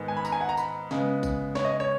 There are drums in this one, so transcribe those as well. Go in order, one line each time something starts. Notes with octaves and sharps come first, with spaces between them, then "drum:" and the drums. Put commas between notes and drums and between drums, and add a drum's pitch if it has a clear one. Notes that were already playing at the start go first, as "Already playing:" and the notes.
Already playing: G#2 D#3 G#3 B3
G#5
B5
A#5, drum: tambourine
G#5
F#5
A#5
B5, drum: tambourine
C#3 G#3 B3, drum: snare
drum: kick A1, tambourine
C#5, drum: snare
D#5
C#5